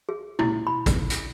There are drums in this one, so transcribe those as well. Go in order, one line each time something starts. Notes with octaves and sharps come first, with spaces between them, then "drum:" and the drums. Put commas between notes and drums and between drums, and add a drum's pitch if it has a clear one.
G#4
E4, drum: tom B2
B5
drum: kick A1, hi-hat
drum: hi-hat